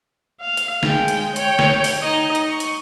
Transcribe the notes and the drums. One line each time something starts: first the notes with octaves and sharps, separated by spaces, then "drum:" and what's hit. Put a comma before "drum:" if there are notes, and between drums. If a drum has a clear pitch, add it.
F5
drum: hi-hat
G#3 G5, drum: snare
drum: hi-hat
C#5 G5, drum: hi-hat
drum: snare
drum: open hi-hat
D#4 D#5
drum: hi-hat
C#6
drum: hi-hat